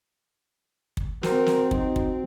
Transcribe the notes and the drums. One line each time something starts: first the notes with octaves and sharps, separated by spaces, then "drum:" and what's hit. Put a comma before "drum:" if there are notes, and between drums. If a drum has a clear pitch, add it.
drum: kick
C4 F#4 A#4, drum: snare
drum: snare
F#3 D#4, drum: kick
drum: kick